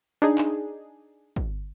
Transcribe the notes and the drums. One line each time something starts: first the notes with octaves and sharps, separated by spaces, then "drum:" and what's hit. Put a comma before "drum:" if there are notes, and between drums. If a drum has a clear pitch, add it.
D4 D#4 G#4
drum: clap
drum: kick